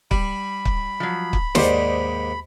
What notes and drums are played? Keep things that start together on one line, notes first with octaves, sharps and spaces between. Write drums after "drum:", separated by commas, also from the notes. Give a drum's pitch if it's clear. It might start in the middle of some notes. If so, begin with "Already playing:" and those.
G3 B5, drum: kick
drum: kick
F3 F#3
drum: kick
D#2 G#2 G4 C5 D5 D#5, drum: snare